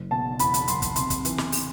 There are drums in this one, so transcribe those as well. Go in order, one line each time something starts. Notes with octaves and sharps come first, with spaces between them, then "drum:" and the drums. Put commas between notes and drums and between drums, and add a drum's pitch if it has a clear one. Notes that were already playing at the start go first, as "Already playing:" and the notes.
Already playing: F#1
B2 A5
E2 B5, drum: hi-hat
drum: hi-hat
F#1 C6, drum: hi-hat
drum: kick, hi-hat
C3 C6, drum: hi-hat
drum: kick, hi-hat
E3, drum: hi-hat
drum: snare
drum: open hi-hat